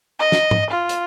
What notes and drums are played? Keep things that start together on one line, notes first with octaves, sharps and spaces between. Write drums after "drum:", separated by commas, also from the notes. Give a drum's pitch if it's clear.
D#5
drum: snare
drum: tom G#2
F4
drum: hi-hat